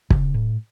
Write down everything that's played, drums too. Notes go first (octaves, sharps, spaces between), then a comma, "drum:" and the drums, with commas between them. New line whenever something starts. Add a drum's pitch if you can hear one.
C#3, drum: kick
A2